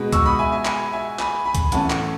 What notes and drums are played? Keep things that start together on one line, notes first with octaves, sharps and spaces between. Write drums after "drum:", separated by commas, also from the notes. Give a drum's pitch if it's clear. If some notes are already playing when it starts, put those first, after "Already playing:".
Already playing: B2 G#3 B3 D#4
C#6 E6, drum: kick C2, hi-hat
B5 D#6
E5 G#5
E5 G#5
G#5 B5, drum: clap
E5 G#5
G#5 B5, drum: clap
G#5 B5
drum: kick C2, hi-hat
A2 E3 A3 C#4 F#5 A5, drum: hi-hat
drum: clap